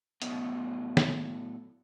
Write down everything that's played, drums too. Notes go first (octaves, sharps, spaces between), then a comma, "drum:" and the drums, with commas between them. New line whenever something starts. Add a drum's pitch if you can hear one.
A2 F#3 A3 B3 D#5, drum: hi-hat
drum: snare